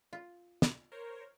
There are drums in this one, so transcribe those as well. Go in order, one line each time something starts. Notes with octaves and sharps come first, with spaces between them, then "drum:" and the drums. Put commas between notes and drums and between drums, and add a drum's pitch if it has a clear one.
F4
drum: snare
A#4 C5 C#5